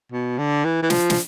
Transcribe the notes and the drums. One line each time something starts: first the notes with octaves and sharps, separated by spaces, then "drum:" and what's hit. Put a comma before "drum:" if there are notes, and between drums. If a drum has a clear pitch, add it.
B2
D3
E3
E3
F3, drum: snare
drum: snare